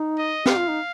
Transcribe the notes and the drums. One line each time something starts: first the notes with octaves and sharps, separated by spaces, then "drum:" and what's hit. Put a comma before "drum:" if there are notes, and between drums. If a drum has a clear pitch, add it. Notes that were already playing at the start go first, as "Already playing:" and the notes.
Already playing: D#4
D#5
G4 F5, drum: snare
F4
D#4